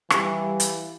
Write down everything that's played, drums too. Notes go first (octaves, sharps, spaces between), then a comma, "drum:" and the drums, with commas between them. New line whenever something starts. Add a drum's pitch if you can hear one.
E3 G3 G4 F5, drum: rim click
drum: hi-hat